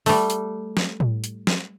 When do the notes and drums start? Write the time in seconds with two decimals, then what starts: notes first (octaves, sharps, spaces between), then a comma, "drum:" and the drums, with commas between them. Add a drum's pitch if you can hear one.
0.06 G3 A3, drum: open hi-hat
0.30 drum: hi-hat
0.77 drum: snare
1.00 drum: tom A2
1.24 drum: hi-hat
1.47 drum: snare